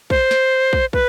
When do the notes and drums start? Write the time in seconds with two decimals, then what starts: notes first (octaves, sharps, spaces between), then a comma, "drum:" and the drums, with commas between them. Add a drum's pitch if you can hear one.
0.10 C5, drum: kick
0.31 drum: snare
0.73 drum: kick
0.93 B4, drum: kick